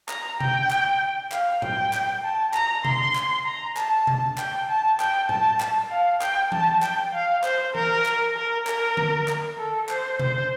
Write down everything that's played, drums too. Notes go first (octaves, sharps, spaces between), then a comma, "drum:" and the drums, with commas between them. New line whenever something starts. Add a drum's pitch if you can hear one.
A#5, drum: clap
G5, drum: tom B2
drum: clap
F5, drum: clap
G5, drum: tom A2
drum: clap
A5
A#5, drum: clap
C6, drum: tom B2
drum: clap
A#5
A5, drum: clap
drum: tom B2
G5, drum: clap
A5
G5, drum: clap
A5, drum: tom A2
drum: clap
F5
G5, drum: clap
A5, drum: tom E3
G5, drum: clap
F5
C5, drum: clap
A#4, drum: tom E3
drum: clap
A#4
A#4, drum: clap
drum: tom D3
drum: clap
A4
C5, drum: clap
C5, drum: tom B2